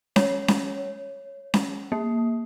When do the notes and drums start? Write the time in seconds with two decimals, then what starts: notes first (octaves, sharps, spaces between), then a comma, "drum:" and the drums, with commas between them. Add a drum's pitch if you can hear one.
0.16 C#5, drum: snare C#4
0.48 drum: snare C#4
1.54 drum: snare C#4
1.92 A#3